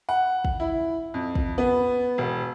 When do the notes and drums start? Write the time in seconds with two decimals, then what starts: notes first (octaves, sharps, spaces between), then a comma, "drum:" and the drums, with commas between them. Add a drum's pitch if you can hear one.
0.09 F#5
0.45 drum: kick
0.60 E4
1.14 F2
1.35 drum: kick
1.58 B3
2.18 E1